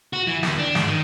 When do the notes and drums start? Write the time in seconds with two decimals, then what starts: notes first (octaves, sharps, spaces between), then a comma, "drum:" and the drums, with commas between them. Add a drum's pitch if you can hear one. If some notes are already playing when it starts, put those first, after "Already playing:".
0.13 F#4
0.27 E3
0.43 D#2, drum: snare
0.59 D4
0.75 G#2, drum: snare
0.88 D#3